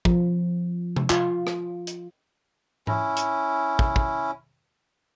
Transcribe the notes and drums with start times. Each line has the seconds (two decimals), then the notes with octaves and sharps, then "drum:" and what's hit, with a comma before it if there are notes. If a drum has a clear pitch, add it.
0.05 F3, drum: kick
0.96 drum: tom C3
1.10 F4, drum: clap
1.47 drum: rim click
1.87 drum: hi-hat
2.87 C#4 E4, drum: tom G#2
3.17 drum: hi-hat
3.79 drum: kick
3.96 drum: kick